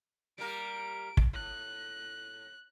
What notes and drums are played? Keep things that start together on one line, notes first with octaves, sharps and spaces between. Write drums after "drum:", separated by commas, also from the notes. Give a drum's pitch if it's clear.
G3 A#3 A#4 D7
drum: kick
A2 F#6